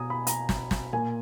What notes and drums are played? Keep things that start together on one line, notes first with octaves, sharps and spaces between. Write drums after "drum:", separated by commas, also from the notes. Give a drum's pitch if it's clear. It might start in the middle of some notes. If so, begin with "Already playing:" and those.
Already playing: B2 G#5 A#5 D#6
B5
A#5, drum: hi-hat
drum: snare
drum: snare
A#2 G#5